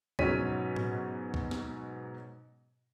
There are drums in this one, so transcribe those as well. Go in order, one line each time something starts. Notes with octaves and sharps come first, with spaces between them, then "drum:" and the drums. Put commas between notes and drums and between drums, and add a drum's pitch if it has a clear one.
G#2 B2 F#3 C#4 B6 D#7, drum: kick
drum: tom A2
drum: kick
drum: snare